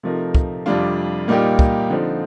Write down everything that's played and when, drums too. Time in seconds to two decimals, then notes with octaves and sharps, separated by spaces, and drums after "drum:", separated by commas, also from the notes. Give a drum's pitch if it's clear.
0.03 C3 F3 A3 D#4 A#4
0.35 drum: kick
0.66 F2 C3 G3 D4 F4
1.28 A#2 G3 A#3 D#4 G4
1.59 drum: kick
1.90 D3 F3 C4 D#4